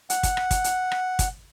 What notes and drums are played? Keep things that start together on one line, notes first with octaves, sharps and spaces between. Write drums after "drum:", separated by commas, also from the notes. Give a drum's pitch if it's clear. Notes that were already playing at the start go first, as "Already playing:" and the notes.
F#5, drum: hi-hat
drum: kick, hi-hat
drum: rim click
drum: kick, hi-hat
drum: hi-hat
drum: rim click
drum: kick, hi-hat